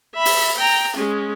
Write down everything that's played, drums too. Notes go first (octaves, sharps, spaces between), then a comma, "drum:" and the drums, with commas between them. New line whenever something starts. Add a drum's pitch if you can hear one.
E5 B5
drum: open hi-hat
G5 A#5
G#3 C#4